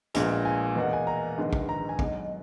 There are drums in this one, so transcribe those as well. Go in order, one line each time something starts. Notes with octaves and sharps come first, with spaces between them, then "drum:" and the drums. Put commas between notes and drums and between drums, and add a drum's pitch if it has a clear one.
A#1 A#2 G#3 B3, drum: hi-hat
G#5
E2 B2 A#3 F#5
G#5
A#5
A#1 G#2 D#3 G#3 B3
drum: kick
A#5
G#5
B1 B2 G#3 B3, drum: kick